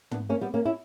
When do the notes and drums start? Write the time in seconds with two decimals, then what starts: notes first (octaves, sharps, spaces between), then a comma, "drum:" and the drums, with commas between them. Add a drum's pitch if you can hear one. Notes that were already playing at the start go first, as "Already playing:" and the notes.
0.11 B3 D4, drum: tom
0.29 A#3 C#4
0.41 G3 B3
0.54 A#3 C#4
0.65 C#4 E4